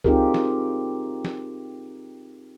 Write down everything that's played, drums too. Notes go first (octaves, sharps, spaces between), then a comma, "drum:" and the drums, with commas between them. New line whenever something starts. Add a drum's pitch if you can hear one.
C4 D#4 F4 G4 G#4 A#4, drum: kick C2
drum: snare
drum: snare